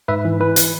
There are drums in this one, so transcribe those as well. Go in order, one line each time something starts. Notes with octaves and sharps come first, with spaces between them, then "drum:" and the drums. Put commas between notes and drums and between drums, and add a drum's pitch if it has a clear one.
G#2 B4 E5
E3
E3 B4
drum: hi-hat